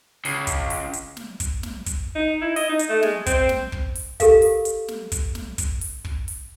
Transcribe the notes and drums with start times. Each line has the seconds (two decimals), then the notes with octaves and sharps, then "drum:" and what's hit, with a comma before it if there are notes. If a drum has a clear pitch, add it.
0.25 C#2, drum: open hi-hat
0.47 drum: kick, hi-hat
0.70 drum: open hi-hat
0.93 drum: hi-hat
1.17 drum: snare
1.40 drum: kick, hi-hat
1.63 drum: snare
1.86 drum: kick, hi-hat
2.15 D#4
2.42 E4
2.56 D#5, drum: open hi-hat
2.69 D#4
2.79 drum: hi-hat
2.89 A3
3.02 G#3, drum: snare
3.26 C4, drum: kick, hi-hat
3.49 drum: snare
3.72 drum: kick
3.95 drum: open hi-hat
4.20 G4 A4 A#4 F5, drum: kick, hi-hat
4.42 drum: open hi-hat
4.65 drum: hi-hat
4.88 drum: snare
5.12 drum: kick, hi-hat
5.35 drum: snare
5.58 drum: kick, hi-hat
5.81 drum: open hi-hat
6.05 drum: kick
6.28 drum: open hi-hat